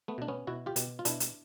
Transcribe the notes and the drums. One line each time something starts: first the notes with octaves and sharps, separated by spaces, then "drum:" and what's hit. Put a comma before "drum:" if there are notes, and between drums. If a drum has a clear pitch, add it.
A3 B3
B2 D4
B3 C#4
B2 E4 F#4
F4 G4
B2, drum: hi-hat
F4
B2 D4 E4, drum: hi-hat
drum: hi-hat